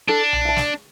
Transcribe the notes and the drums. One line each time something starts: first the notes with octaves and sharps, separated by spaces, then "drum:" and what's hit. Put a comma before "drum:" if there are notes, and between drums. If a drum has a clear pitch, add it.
D4 A4
drum: tom B1
E5 A5
drum: snare